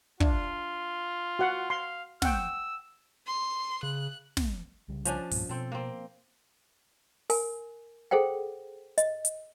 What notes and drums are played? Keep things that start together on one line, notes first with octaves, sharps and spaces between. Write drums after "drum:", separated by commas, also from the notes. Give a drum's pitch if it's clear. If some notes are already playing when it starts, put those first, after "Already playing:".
D4 F4, drum: kick
F#4 F#5 C6
F5 C6
F#5 G5 E6, drum: snare
C6
C#3 F#6
drum: snare
C2 C#3 G3
F3 C#4 D4, drum: hi-hat
C2 G2 A#2, drum: open hi-hat
B2 C4 A4
A#3 C4
A#4 G#5, drum: open hi-hat
G#4 A4 C5 F#5 G5
D#5, drum: hi-hat
drum: hi-hat